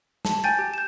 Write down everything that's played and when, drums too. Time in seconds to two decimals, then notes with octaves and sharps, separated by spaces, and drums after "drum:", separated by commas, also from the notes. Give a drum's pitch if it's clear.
0.25 A5, drum: snare
0.44 G5 G#5 G6 A6
0.59 G4
0.74 G6 E7